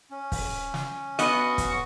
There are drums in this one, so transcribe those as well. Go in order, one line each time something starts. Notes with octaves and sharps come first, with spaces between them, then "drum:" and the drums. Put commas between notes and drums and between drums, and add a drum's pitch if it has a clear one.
C#4
drum: kick, open hi-hat
drum: snare
B3 F#4 D#5, drum: hi-hat
drum: kick, hi-hat